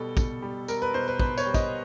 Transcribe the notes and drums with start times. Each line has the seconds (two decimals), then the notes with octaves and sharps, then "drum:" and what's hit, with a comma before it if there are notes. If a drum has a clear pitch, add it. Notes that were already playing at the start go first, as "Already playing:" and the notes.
Already playing: B2 G3 A4
0.17 B2, drum: kick, tambourine
0.42 G3
0.68 G3 A#4, drum: tambourine
0.82 B4
0.94 B2 C5
1.08 B4
1.19 B2 B4, drum: kick
1.38 C#5, drum: tambourine
1.46 G3
1.54 D#5, drum: kick, tambourine